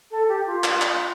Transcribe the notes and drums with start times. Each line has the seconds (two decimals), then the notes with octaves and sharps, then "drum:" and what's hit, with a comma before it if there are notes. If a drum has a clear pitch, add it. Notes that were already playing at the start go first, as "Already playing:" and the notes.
0.11 A4
0.28 G4
0.46 F4
0.64 drum: clap
0.81 drum: clap